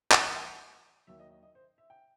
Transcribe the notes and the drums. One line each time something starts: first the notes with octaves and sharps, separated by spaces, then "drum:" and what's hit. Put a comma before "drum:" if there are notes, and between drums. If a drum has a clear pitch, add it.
A1 A2 E3 G3 F#5, drum: clap
F#5
F#5
D#2 D#3 F#3 E5
D#5
D#5
D#5
C5
E5
G5